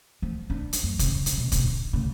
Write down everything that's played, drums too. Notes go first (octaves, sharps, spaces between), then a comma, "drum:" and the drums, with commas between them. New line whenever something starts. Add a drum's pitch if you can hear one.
F3
D4
drum: hi-hat
F#2
C#3, drum: kick, hi-hat
drum: hi-hat
B2
D3, drum: kick, hi-hat
C#3